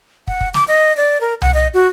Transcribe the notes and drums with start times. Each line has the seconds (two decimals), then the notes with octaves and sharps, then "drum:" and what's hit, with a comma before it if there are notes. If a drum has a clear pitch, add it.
0.28 F#5, drum: kick
0.41 drum: kick
0.54 D6, drum: snare
0.68 D#5
0.97 D5
1.21 A#4
1.42 F#5, drum: tom C2
1.54 D#5
1.74 F#4